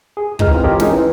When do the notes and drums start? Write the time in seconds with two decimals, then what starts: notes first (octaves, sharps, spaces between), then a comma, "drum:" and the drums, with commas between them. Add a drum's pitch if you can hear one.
0.17 G#4
0.39 C#2 C#3 D#4 G#4 A4 F6, drum: kick
0.51 E3 C4 F4
0.63 F4 G4 A4 A#4 C#5 D#5
0.80 G#3 C#4 D#4 G#4, drum: snare
0.91 E3